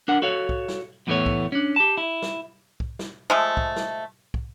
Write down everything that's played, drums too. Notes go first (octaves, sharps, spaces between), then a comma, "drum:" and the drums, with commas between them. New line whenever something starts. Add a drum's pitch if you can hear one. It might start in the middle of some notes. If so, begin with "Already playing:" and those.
D4 A#4 F#5
F#4 A4 C#5 F5
drum: kick
drum: snare
E2 A2 E3 A3 B3 C#5
drum: kick
C#4 D4
G4 A5
E4
drum: snare
drum: kick
drum: snare
F3 G#3 A3
drum: kick
drum: snare
drum: kick